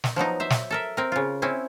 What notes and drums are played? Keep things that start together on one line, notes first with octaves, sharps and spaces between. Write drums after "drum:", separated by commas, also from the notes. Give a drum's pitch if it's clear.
drum: snare
F3 F#3 B3 D#4
C5 E5
drum: snare
A4 A#4 E5
C4 A#4
C#3 F4
C4 C#4 E4